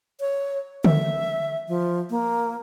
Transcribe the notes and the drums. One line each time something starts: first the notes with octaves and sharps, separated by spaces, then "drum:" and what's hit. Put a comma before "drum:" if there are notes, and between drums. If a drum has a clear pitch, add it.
C#5
E5, drum: tom D3
F3
A#3